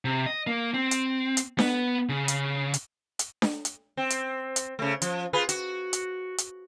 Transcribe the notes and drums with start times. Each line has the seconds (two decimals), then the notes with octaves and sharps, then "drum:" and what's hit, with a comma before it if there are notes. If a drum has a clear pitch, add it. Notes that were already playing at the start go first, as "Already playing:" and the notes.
0.05 C3
0.26 D#5
0.47 A#3
0.74 C4
0.91 drum: hi-hat
1.37 drum: hi-hat
1.59 B3, drum: snare D4
2.09 C#3
2.28 drum: hi-hat
2.74 drum: hi-hat
3.19 drum: hi-hat
3.42 drum: snare D4
3.65 drum: hi-hat
3.97 C4
4.10 drum: hi-hat
4.56 drum: hi-hat
4.79 C#3 A3
5.02 F3, drum: hi-hat
5.33 F4 G#4 B4
5.49 F#4, drum: hi-hat
5.93 drum: hi-hat
6.38 drum: hi-hat